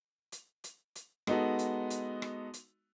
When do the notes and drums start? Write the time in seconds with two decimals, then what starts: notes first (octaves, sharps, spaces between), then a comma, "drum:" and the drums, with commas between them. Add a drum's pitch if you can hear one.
0.32 drum: hi-hat
0.64 drum: hi-hat
0.96 drum: hi-hat
1.27 G#3 B3 D#4 F#4 A4, drum: rim click
1.59 drum: hi-hat
1.90 drum: hi-hat
2.22 drum: rim click
2.54 drum: hi-hat